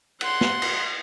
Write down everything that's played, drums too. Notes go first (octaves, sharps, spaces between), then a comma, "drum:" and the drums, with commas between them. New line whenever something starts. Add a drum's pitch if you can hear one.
F#5 C6, drum: cymbal
drum: snare
drum: cymbal